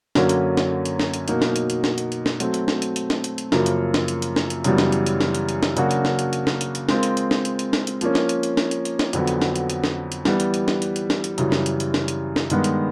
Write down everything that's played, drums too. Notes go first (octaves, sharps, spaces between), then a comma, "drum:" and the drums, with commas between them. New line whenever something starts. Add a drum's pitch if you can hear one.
F#2 D3 F#3 A#3 C#4, drum: snare
drum: hi-hat
drum: snare
drum: hi-hat
drum: snare
drum: hi-hat
B2 F#3 A#3 D#4, drum: hi-hat
drum: snare
drum: hi-hat
drum: hi-hat
drum: snare
drum: hi-hat
drum: hi-hat
drum: snare
F#3 A3 C4, drum: hi-hat
drum: hi-hat
drum: snare
drum: hi-hat
drum: hi-hat
drum: snare
drum: hi-hat
drum: hi-hat
F#2 C#3 F3 A#3, drum: snare
drum: hi-hat
drum: snare
drum: hi-hat
drum: hi-hat
drum: snare
drum: hi-hat
F#2 C#3 E3 G3 B3, drum: hi-hat
drum: snare
drum: hi-hat
drum: hi-hat
drum: snare
drum: hi-hat
drum: hi-hat
drum: snare
C#3 F#3 A#3 D4 F#4, drum: hi-hat
drum: hi-hat
drum: snare
drum: hi-hat
drum: hi-hat
drum: snare
drum: hi-hat
drum: hi-hat
G#3 C4 F4 A#4, drum: snare
drum: hi-hat
drum: hi-hat
drum: snare
drum: hi-hat
drum: hi-hat
drum: snare
drum: hi-hat
F3 A#3 C#4, drum: hi-hat
drum: snare
drum: hi-hat
drum: hi-hat
drum: snare
drum: hi-hat
drum: hi-hat
drum: snare
F2 D3 F#3 B3, drum: hi-hat
drum: hi-hat
drum: snare
drum: hi-hat
drum: hi-hat
drum: snare
drum: hi-hat
E3 G3 B3, drum: snare
drum: hi-hat
drum: hi-hat
drum: snare
drum: hi-hat
drum: hi-hat
drum: snare
drum: hi-hat
F#2 C#3 E3 G3, drum: hi-hat
drum: snare
drum: hi-hat
drum: hi-hat
drum: snare
drum: hi-hat
drum: snare
G2 D#3 G#3 B3, drum: hi-hat
drum: hi-hat